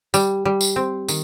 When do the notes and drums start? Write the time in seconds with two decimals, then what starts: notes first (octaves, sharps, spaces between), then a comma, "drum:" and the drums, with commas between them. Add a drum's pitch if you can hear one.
0.14 G3, drum: tambourine
0.45 G3
0.61 drum: tambourine
0.76 C4
1.08 D#3, drum: tambourine